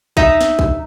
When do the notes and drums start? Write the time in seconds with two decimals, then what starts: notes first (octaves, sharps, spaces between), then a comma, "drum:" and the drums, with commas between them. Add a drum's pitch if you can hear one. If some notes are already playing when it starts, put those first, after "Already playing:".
0.17 D#4 E5 D#6, drum: kick
0.41 drum: snare
0.59 drum: kick